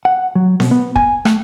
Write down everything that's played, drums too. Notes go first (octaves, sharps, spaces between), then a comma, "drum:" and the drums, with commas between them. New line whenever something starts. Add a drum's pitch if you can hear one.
F#5
F#3
B2, drum: snare C4
B3
G#5, drum: kick
A3, drum: rim click